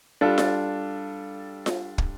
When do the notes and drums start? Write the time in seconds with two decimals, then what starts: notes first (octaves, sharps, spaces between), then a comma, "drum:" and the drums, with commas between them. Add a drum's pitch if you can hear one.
0.21 G3 D4 F4 A4
0.38 drum: snare F4
1.66 drum: snare F4
1.98 drum: kick